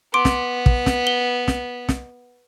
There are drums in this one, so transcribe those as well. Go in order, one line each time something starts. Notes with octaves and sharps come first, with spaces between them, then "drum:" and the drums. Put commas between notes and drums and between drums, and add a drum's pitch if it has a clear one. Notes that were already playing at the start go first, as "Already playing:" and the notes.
B3 C6 D6 D7
drum: snare
drum: kick
drum: snare
G7
drum: snare
drum: snare